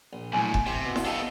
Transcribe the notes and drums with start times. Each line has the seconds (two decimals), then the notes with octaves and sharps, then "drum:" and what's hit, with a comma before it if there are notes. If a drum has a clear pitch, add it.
0.13 A#1
0.33 B1 A2 G#5
0.54 drum: kick F1
0.66 C3 G5
0.85 B2
0.96 drum: snare E4
1.05 B3 D#4 G4 A4 F5